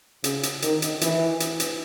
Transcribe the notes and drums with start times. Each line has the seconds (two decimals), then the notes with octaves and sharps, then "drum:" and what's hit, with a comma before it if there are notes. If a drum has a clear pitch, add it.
0.24 C#3, drum: hi-hat
0.43 drum: hi-hat
0.62 D#3, drum: hi-hat
0.82 drum: hi-hat
1.01 E3, drum: hi-hat
1.40 drum: hi-hat
1.60 drum: hi-hat